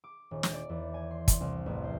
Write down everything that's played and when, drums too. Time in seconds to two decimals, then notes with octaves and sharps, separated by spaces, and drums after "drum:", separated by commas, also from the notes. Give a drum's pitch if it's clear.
0.04 D6
0.31 D#1
0.43 drum: snare
0.53 D5
0.69 E2
0.94 G#5
1.11 C6
1.28 drum: kick, hi-hat
1.41 C2
1.66 A1
1.84 C5